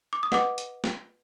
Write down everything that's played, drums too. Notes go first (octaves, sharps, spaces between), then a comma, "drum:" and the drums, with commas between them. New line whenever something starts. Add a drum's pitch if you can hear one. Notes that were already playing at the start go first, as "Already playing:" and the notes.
D6
D#6
B4 D#5 F#5 D6, drum: snare
drum: hi-hat
drum: snare